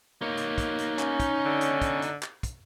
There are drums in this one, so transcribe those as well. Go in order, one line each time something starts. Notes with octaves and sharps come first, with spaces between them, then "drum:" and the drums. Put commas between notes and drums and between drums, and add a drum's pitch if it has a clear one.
A#3 D#4 C#5
drum: hi-hat
drum: kick, hi-hat
drum: hi-hat
C#4, drum: clap
drum: kick, hi-hat
D3
drum: hi-hat
drum: kick, hi-hat
drum: hi-hat
drum: clap
drum: kick, hi-hat